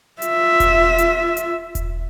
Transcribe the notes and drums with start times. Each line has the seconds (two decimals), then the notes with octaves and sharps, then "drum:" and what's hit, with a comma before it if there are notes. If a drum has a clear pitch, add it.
0.22 F4 E5, drum: hi-hat
0.60 drum: kick E1, hi-hat
0.98 drum: hi-hat
1.37 drum: hi-hat
1.75 drum: kick E1, hi-hat